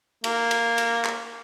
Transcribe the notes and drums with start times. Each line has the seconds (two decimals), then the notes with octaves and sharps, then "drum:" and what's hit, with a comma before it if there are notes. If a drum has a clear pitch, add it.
0.24 A#3, drum: cymbal
0.51 drum: cymbal
0.78 drum: cymbal
1.05 drum: clap